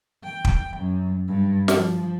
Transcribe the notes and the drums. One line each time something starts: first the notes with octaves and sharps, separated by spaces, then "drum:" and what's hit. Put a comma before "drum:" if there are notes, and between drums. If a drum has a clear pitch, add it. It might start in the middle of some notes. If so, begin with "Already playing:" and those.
G5
drum: kick
F#2
G2
F3, drum: snare